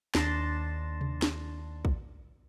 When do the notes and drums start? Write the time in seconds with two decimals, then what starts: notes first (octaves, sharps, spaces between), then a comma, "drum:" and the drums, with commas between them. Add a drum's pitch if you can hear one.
0.15 D#2 D4 C6 A6 A#6 E7, drum: snare
1.01 drum: tom C3
1.22 drum: snare
1.85 drum: kick